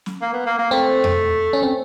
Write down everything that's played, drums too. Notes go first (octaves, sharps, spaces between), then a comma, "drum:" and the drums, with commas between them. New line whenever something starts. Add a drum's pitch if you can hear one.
drum: snare
A#3
B3
A#3
A#3
A3 C4
drum: tom E2
C#4
C4